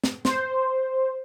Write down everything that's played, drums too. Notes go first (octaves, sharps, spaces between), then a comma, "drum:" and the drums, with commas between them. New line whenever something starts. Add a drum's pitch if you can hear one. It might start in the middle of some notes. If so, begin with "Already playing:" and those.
drum: snare
C5, drum: snare